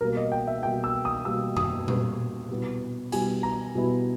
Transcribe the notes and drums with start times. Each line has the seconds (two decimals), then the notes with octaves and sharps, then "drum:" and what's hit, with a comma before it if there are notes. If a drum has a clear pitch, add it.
0.01 B2 G3 A#3 A#4
0.17 D#5
0.32 G5
0.47 E5
0.63 B2 G3 A#3 G5
0.84 E6
1.05 D#6
1.25 B2 G3 A#3 E6
1.57 D#6, drum: tom F#2
1.88 B2 G3 A#3, drum: tom A#2
2.50 B2 G3 B3 E4
3.12 B2 G3 B3 E4 G#5, drum: hi-hat
3.43 A#5
3.75 B2 G3 B3 E4